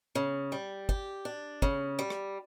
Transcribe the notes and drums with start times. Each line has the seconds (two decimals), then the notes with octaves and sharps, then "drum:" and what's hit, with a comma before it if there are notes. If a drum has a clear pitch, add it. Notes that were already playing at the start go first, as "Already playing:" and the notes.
0.15 C#3
0.52 G3
0.89 G4, drum: kick
1.25 D4
1.62 C#3, drum: kick
1.99 G3
2.10 drum: rim click